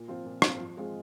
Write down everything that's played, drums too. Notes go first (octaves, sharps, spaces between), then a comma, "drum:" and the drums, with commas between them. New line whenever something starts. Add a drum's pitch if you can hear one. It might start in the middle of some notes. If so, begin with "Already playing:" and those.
Already playing: A#2
F3 C4 F4
A#2
F3 C4 F4, drum: rim click
F3
G#3 C4 F4 G#4